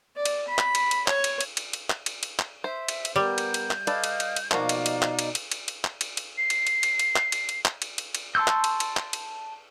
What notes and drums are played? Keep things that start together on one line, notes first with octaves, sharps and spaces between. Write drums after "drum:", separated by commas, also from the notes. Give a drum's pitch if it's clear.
D5
drum: cymbal
B5
drum: clap
drum: cymbal
drum: cymbal
C#5, drum: clap
drum: cymbal
drum: cymbal
drum: cymbal
drum: cymbal
drum: clap
drum: cymbal
drum: cymbal
drum: clap
C5 E5
drum: cymbal
drum: cymbal
G3 B3 A#4 G6
drum: cymbal
drum: cymbal
drum: clap
A4 B4 D5 D#5 F5, drum: cymbal
drum: cymbal
drum: cymbal
drum: cymbal
B2 F3 A#3 D#4 F#4 D5 F5, drum: clap
drum: cymbal
drum: cymbal
drum: clap
drum: cymbal
drum: cymbal
drum: cymbal
drum: cymbal
drum: clap
drum: cymbal
drum: cymbal
C7
drum: cymbal
drum: cymbal
drum: cymbal
drum: cymbal
drum: clap
drum: cymbal
drum: cymbal
drum: clap
drum: cymbal
drum: cymbal
drum: cymbal
A5 C6 C#6 E6 G6
drum: clap
drum: cymbal
drum: cymbal
drum: clap
drum: cymbal